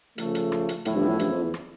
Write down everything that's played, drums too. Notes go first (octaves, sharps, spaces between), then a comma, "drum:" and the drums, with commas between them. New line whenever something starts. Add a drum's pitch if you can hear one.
C#3 F3 A3, drum: hi-hat
drum: hi-hat
drum: rim click
drum: hi-hat
E2 A2 C#3 F3 A3 E4, drum: hi-hat
G2
A2
G2, drum: hi-hat
F2
E2
drum: rim click